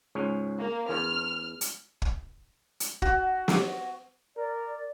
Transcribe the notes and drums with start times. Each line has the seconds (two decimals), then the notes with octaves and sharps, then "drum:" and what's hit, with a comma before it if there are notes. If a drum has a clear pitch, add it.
0.15 C#2 G#2 C#4
0.59 A#3
0.89 E2 F6
1.61 drum: hi-hat
2.02 drum: kick
2.80 drum: hi-hat
3.02 F#4, drum: kick
3.48 drum: snare
4.37 A#4 D5